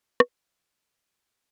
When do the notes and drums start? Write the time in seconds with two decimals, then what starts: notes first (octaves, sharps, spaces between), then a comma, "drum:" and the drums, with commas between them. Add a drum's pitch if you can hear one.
0.20 G#3 D#4 F4, drum: rim click
0.43 D#4
0.54 F4
0.65 D#4
0.88 F4
1.01 C5
1.10 C#5